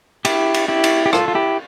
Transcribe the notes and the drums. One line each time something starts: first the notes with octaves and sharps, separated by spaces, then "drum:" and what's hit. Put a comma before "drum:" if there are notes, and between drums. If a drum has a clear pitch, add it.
E4 G4, drum: cymbal
drum: cymbal
E4 G4
drum: cymbal
G4
F4 A4, drum: rim click
F4
E4 G4